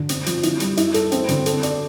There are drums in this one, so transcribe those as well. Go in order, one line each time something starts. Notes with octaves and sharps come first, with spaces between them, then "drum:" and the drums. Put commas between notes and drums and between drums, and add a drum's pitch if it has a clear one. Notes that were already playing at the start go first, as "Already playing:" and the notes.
Already playing: D3
C4, drum: hi-hat
F3, drum: hi-hat
E4, drum: hi-hat
G3, drum: hi-hat
E4, drum: hi-hat
A4, drum: hi-hat
C4, drum: hi-hat
D3, drum: hi-hat
A4, drum: hi-hat
D5, drum: hi-hat